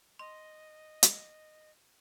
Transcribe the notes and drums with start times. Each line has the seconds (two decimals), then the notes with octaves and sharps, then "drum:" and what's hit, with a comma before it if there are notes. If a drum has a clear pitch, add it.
0.19 D#5 C6
1.03 drum: hi-hat